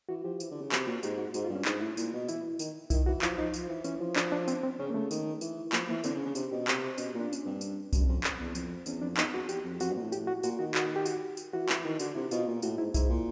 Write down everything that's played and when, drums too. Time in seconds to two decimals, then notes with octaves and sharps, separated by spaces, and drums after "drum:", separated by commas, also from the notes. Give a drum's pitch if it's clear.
0.09 E3 F#4
0.24 F3 G4
0.40 E3, drum: tambourine
0.51 D3
0.61 C#3
0.72 C3 F#4, drum: clap
0.87 A#2 F#4
1.03 G#2 G4, drum: tambourine
1.18 F#4
1.34 G#2 F#4, drum: tambourine
1.45 F4
1.49 G2
1.55 C#4
1.65 G#2 D#4, drum: clap
1.81 A2 E4
1.97 A#2, drum: tambourine
2.13 B2
2.28 E3 E4, drum: tambourine
2.59 D#3, drum: tambourine
2.90 D#3 E4, drum: kick B1, tambourine
3.06 E3 F#4
3.22 F3 F4, drum: clap
3.38 F3 D#4
3.54 F3, drum: tambourine
3.69 E3
3.84 E3 C#4, drum: tambourine
4.00 F3
4.16 D4, drum: clap
4.32 D4
4.48 C4, drum: tambourine
4.63 C4
4.79 C#3 C#4
4.90 A#3
4.94 C#3 A3
5.11 D#3, drum: tambourine
5.41 E3, drum: tambourine
5.72 F3 A#3, drum: clap
5.89 E3 A#3
6.04 D3 C4, drum: tambourine
6.15 C#3
6.19 C#4
6.25 C#3
6.35 C3 D4, drum: tambourine
6.51 B2 G4
6.68 C3, drum: clap
6.98 B2 C#4, drum: tambourine
7.14 A#2
7.20 D4
7.33 C#4, drum: tambourine
7.46 G2 C4
7.61 drum: tambourine
7.93 F#2, drum: kick B1, tambourine
8.02 E2
8.08 F2 C#4
8.24 drum: clap
8.40 E2
8.55 F2, drum: tambourine
8.86 E2 C#4, drum: tambourine
9.02 F2 D4
9.17 E2 D#4, drum: clap
9.34 E2 F#4
9.49 G4, drum: tambourine
9.64 F2
9.80 F2 F#4, drum: tambourine
9.90 G2
9.96 A#2
10.01 A2
10.12 G4, drum: tambourine
10.27 F#4
10.43 A#2 F#4, drum: tambourine
10.59 D#3 F#4
10.75 F#4, drum: clap
10.96 G4
11.06 F#4, drum: tambourine
11.37 drum: tambourine
11.53 E3 F#4
11.69 E3, drum: clap
11.85 D#3
11.99 D3 F#4, drum: tambourine
12.15 C3 E4
12.31 B2 F4, drum: tambourine
12.47 A#2
12.62 A2 F#4, drum: tambourine
12.78 G#2 E4
12.94 G#2 E4, drum: kick B1, tambourine
13.10 A#2